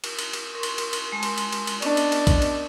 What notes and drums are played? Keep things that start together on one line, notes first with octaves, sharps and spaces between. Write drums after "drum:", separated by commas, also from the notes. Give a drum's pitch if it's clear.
drum: cymbal
drum: cymbal
drum: cymbal
A#4 C6 C#6
drum: cymbal
drum: cymbal
drum: cymbal
G#3 A5 C6
drum: cymbal
drum: cymbal
drum: cymbal
drum: cymbal
B3 C#4 D4 D#5, drum: cymbal
drum: cymbal
drum: cymbal
drum: kick A#1, cymbal
drum: cymbal